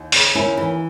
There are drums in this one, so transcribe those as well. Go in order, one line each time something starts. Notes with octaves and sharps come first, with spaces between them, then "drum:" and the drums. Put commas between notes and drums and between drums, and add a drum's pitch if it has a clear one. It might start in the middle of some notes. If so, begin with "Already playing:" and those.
Already playing: D#2
C#3, drum: open hi-hat
D#2 C#4 E4
E3